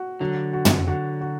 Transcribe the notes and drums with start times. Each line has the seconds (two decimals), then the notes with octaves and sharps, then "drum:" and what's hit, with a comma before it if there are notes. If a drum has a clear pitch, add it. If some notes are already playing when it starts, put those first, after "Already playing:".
Already playing: F#4
0.20 D3 F#3
0.53 F#4
0.65 drum: tom
0.87 D3 F#4
1.21 F#4